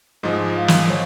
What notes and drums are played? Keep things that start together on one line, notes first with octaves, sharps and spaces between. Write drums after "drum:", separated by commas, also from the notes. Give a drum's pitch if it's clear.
G#2 F3 G#3 D#5
F5
drum: snare
C#5